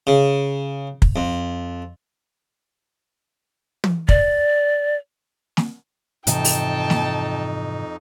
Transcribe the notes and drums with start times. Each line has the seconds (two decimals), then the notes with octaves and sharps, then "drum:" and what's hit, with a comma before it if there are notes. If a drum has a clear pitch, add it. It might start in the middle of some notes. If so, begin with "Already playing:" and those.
0.07 C#3
1.02 drum: kick
1.16 F2
3.84 drum: tom
4.09 D5, drum: kick
5.57 drum: snare
6.27 F2 G#2 C3 E3 D#4 G5 A5, drum: hi-hat
6.45 drum: open hi-hat
6.90 drum: snare